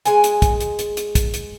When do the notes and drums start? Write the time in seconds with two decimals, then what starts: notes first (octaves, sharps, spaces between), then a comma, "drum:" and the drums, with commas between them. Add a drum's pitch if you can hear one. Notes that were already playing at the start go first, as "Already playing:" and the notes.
0.05 G#3 G#5, drum: hi-hat
0.24 drum: hi-hat
0.42 drum: kick, hi-hat
0.60 drum: hi-hat
0.79 drum: hi-hat
0.97 drum: hi-hat
1.15 drum: kick, hi-hat
1.34 drum: hi-hat